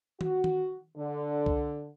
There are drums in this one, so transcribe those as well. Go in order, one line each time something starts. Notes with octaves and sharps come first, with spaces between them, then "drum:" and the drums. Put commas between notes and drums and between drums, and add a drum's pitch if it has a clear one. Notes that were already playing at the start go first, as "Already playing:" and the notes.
F#4, drum: tom D#3
drum: tom D#3
D3
drum: kick C2